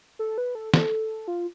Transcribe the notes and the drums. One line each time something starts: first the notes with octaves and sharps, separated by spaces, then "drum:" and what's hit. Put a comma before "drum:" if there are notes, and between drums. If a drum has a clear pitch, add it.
A4
B4
A4
A4, drum: snare
F4